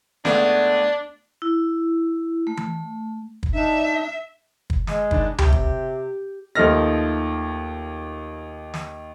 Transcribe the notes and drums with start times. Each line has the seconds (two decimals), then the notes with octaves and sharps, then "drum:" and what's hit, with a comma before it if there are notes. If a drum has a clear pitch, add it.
0.25 C#2 A3 B3 D4, drum: snare
1.42 E4
2.47 A3
2.57 drum: tom E3
3.43 drum: kick
3.54 D4 D#4 E5
4.70 drum: kick
4.87 G#3, drum: snare
5.11 D#3 D4, drum: kick
5.38 C3 G4, drum: tom C#2
5.52 drum: kick
6.55 D#2 F3 A3 D#4 F6 A#6
8.74 drum: snare